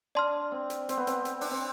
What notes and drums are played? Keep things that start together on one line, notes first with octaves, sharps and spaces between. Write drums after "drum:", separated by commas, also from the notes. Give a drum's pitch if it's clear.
D4 D5 A5 C6 F6
C4
drum: hi-hat
C4, drum: hi-hat
B3
C4, drum: hi-hat
drum: hi-hat
D4, drum: open hi-hat
C4